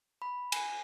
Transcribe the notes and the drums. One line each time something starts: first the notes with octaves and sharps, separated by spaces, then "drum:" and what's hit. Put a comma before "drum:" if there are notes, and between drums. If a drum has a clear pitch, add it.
B5
G#5, drum: cymbal